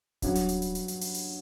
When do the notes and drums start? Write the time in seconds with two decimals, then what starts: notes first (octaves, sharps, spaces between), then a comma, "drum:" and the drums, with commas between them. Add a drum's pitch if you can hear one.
0.22 G2 F#3 C#4 F#4, drum: kick D1, hi-hat
0.35 drum: hi-hat
0.49 drum: hi-hat
0.62 drum: hi-hat
0.75 drum: hi-hat
0.88 drum: hi-hat
1.01 drum: open hi-hat
1.14 drum: hi-hat